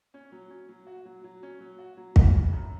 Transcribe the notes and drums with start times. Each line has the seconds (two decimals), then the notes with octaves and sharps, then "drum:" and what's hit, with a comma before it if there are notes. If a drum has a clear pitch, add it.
0.14 C#4
0.32 F#3
0.50 C#4
0.69 F#3
0.87 F#4
1.05 F#3
1.24 F#3
1.43 C#4
1.60 F#3
1.79 F#4
1.97 F#3
2.16 F#4, drum: kick
2.33 C#3
2.53 F#2